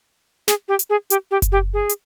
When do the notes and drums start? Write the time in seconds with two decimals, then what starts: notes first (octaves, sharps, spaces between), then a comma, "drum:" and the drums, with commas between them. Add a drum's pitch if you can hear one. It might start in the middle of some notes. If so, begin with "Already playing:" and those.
0.48 G#4, drum: snare
0.68 G4
0.79 drum: hi-hat
0.90 G#4
1.10 G4, drum: hi-hat
1.31 G4
1.42 drum: kick F#1, hi-hat
1.52 G4
1.74 G#4
1.89 drum: hi-hat